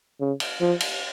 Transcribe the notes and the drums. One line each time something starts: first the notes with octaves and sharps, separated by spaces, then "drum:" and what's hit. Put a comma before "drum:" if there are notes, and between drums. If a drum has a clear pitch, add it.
C#3
drum: cymbal
F3
drum: cymbal